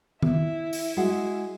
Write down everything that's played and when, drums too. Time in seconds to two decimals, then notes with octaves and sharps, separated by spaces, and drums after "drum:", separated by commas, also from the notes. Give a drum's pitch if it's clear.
0.22 E4 E5, drum: tom D#3
0.73 drum: open hi-hat
0.97 G#3 F#4 F#5